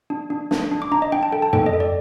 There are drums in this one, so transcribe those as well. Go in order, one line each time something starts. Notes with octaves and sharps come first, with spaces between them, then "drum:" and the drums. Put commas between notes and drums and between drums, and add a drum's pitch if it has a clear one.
D4
D4
D4, drum: snare
D4
D6
D4 A#5
D#5
D4 G5
A5
A4 G5
A5
A4 G5, drum: tom
D#5
A4
D5